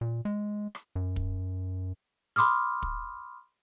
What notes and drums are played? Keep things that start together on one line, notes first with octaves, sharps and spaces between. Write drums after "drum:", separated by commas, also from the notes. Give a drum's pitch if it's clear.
A#2
G#3
drum: rim click
F#2
drum: kick
B5 C6 D6 D#6 F6
drum: kick